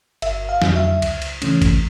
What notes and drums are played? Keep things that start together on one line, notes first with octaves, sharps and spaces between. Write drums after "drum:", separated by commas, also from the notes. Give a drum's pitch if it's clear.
G1 E5, drum: cymbal
F5
F2 D3 F#3, drum: snare
E5
C#2, drum: cymbal
drum: cymbal
C#3 E3 A3 C#4, drum: cymbal
drum: kick G#1, cymbal